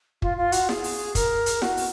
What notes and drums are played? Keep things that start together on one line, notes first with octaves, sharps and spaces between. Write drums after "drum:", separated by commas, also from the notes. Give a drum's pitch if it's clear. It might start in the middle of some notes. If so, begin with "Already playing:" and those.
F4, drum: kick
F4
F#4, drum: hi-hat
G#4, drum: snare E4
drum: open hi-hat
A#4, drum: kick, hi-hat
drum: hi-hat
F#4, drum: snare E4
drum: open hi-hat